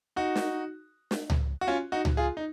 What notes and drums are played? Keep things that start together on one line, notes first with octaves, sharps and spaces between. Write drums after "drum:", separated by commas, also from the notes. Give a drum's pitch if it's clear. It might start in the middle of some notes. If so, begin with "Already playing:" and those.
D#4 F#4
drum: snare
drum: snare
drum: tom C#2
F#4
C#4 F4
D#4 F#4
drum: tom C#2
F4 G#4
D#4